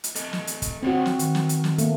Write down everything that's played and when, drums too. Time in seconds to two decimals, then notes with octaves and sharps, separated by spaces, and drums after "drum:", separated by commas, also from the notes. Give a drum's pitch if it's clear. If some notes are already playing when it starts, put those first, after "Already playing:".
0.04 drum: hi-hat
0.15 A3 A4 D#5, drum: hi-hat
0.33 drum: snare
0.47 drum: hi-hat
0.62 drum: kick, hi-hat
0.83 D3 C4 F4 F#4 C#5
1.06 drum: snare
1.19 D#3, drum: hi-hat
1.35 drum: snare
1.49 drum: hi-hat
1.64 drum: snare
1.78 A3 A#3, drum: hi-hat